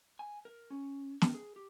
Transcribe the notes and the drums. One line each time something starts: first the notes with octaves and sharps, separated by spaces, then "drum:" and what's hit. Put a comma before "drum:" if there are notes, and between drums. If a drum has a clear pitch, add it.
G#5
A#4
C#4
A#4, drum: snare
G#4
G4